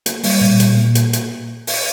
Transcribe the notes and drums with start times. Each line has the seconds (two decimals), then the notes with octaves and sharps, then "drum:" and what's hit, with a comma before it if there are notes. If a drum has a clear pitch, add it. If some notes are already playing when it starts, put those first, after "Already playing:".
0.06 A#3, drum: hi-hat
0.23 G3, drum: open hi-hat
0.41 A#2
0.60 A#2, drum: hi-hat
0.77 A#3
0.95 drum: hi-hat
1.13 drum: hi-hat
1.67 drum: open hi-hat